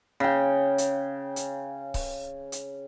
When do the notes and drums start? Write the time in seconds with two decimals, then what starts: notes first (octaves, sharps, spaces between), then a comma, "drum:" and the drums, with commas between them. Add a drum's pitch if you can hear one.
0.20 C#3 G5
0.78 drum: hi-hat
1.36 drum: hi-hat
1.94 drum: kick C#1, open hi-hat
2.52 drum: hi-hat